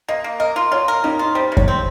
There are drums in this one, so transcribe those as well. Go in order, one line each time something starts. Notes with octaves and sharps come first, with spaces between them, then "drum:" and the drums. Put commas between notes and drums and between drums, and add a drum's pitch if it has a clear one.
A#3 D#5
A#3
A#4 D#5
F4
F4 C#5
A#4
G3 D#4
F4
G3 C5
C3
C#5, drum: kick F#2
C4